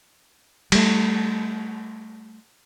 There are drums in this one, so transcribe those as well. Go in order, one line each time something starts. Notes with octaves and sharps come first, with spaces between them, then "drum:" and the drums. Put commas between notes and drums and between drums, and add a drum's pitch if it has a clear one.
G3 A3, drum: cymbal